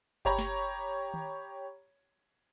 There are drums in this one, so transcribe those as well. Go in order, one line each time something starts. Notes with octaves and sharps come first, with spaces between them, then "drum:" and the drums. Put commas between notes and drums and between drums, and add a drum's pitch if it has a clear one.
G4 C#5 A#5 B5, drum: kick G1
drum: snare
drum: tom D#3